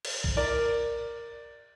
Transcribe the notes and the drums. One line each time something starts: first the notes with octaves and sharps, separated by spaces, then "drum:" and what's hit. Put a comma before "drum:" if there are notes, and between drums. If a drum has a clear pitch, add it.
drum: cymbal
drum: kick A#1
A#4 D5